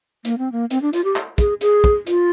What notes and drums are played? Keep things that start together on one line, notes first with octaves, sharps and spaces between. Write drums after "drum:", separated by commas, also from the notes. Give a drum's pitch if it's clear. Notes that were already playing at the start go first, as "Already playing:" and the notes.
A#3, drum: hi-hat
C4
A#3
C4, drum: hi-hat
D4
F4, drum: hi-hat
G4
drum: clap
G#4, drum: kick, hi-hat
G#4, drum: hi-hat
drum: kick
F4, drum: hi-hat